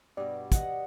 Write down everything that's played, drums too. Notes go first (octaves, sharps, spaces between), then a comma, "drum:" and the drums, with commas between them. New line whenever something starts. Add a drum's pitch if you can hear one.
G2 B2 D5
D#5 F#5, drum: kick, hi-hat